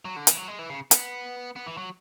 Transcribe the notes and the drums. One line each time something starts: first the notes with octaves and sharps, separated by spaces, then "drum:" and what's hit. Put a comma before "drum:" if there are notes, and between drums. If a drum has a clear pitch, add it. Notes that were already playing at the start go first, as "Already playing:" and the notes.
F#3
D3
E3, drum: hi-hat
F#3
G#3
E3
C#3
B3, drum: hi-hat
B3
E3
F#3